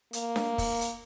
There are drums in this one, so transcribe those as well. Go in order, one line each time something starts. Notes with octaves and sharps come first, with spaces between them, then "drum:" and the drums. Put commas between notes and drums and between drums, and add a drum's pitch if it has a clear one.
A#3, drum: hi-hat
drum: snare D4
drum: kick, open hi-hat
drum: hi-hat